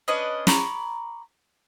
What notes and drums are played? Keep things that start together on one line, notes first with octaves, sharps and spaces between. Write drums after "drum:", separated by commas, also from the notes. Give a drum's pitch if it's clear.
C#4 D4 B4 D#5
A#5 B5 C#6 D6, drum: snare